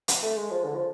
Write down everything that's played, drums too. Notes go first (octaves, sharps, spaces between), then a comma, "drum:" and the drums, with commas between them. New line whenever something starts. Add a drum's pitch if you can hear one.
drum: hi-hat
A3
G#3
F3
D3
F3